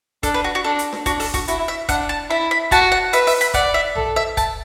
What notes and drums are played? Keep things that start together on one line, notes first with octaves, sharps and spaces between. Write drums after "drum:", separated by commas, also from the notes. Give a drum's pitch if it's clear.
D4 A4, drum: kick, hi-hat
B4
F#4
F#4
D4 A4
drum: hi-hat
drum: snare D4
D4 F#4, drum: kick, hi-hat
A4, drum: open hi-hat
F#4, drum: kick, hi-hat
E4 F#4, drum: hi-hat
E5
D4 F#5, drum: kick, hi-hat
A5
E4 B5
B5
F#4 A5, drum: kick, hi-hat
F#5
B4 E5, drum: hi-hat
E5, drum: open hi-hat
B5, drum: hi-hat
D5 F#5, drum: kick, hi-hat
E5
A4, drum: tom
E5
A5, drum: kick, hi-hat